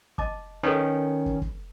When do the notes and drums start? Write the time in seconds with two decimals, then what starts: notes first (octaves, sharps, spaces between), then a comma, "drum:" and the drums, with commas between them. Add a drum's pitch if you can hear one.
0.18 D#5 A5 D6, drum: kick
0.63 D#3 C#4 A4 B4 C#6
1.26 drum: kick
1.42 drum: kick